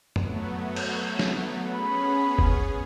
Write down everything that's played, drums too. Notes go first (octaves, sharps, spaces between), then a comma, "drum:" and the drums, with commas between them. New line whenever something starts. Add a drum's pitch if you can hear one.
F#3 A3 B3, drum: tom F#2
drum: cymbal
drum: snare
B3 C#4 G#4 B5
drum: kick F#1